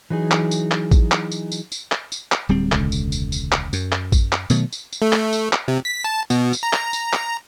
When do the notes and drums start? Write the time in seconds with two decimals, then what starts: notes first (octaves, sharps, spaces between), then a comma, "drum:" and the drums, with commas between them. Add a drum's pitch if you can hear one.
0.10 E3 F#3 D#4 G#4
0.31 drum: clap
0.51 drum: tambourine
0.71 drum: clap
0.91 drum: kick A1, tambourine
1.12 drum: clap
1.32 drum: tambourine
1.52 drum: tambourine
1.72 drum: tambourine
1.92 drum: clap
2.12 drum: tambourine
2.32 drum: clap
2.49 D1 G3 C4
2.72 E1 C#2 D3, drum: clap
2.92 drum: tambourine
3.12 drum: tambourine
3.32 drum: tambourine
3.52 drum: clap
3.73 F#2, drum: tambourine
3.92 drum: clap
4.12 drum: kick A1, tambourine
4.32 drum: clap
4.50 B2 D#3 F#3 A3, drum: tambourine
4.73 drum: tambourine
4.93 drum: tambourine
5.02 A3
5.13 drum: clap
5.33 drum: tambourine
5.53 drum: clap
5.68 C3
5.85 B6
6.04 A5
6.30 B2, drum: tambourine
6.53 drum: tambourine
6.63 A#5
6.73 drum: clap
6.93 drum: tambourine
7.13 drum: clap